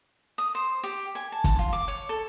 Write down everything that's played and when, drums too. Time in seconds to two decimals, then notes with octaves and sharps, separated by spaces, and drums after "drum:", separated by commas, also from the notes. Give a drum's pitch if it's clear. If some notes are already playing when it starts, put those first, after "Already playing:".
0.38 D#6
0.55 C5
0.84 G4
1.15 G#5
1.32 A5
1.44 drum: kick, hi-hat
1.59 F4
1.73 D6
1.88 C#5
2.09 A4